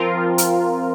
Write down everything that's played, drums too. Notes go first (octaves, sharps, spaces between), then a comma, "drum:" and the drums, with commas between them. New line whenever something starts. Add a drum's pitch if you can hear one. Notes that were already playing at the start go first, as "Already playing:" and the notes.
Already playing: F3 C4 F4 A#4
F3
drum: hi-hat